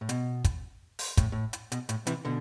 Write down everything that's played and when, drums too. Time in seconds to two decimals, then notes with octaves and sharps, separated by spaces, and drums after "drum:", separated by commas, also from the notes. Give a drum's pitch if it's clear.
0.01 A2
0.09 B2, drum: hi-hat
0.45 drum: kick, hi-hat
0.99 drum: open hi-hat
1.17 A2, drum: kick, hi-hat
1.32 A2
1.53 drum: hi-hat
1.72 B2, drum: hi-hat
1.89 A2, drum: hi-hat
2.07 C3 E3, drum: hi-hat
2.25 B2 D3